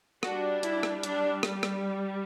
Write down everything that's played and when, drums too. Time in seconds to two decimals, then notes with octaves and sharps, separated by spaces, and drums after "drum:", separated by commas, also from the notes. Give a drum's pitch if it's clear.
0.23 G3 D4 F#4, drum: rim click
0.63 E4, drum: hi-hat
0.83 drum: rim click
1.03 D4, drum: hi-hat
1.43 drum: rim click
1.63 drum: rim click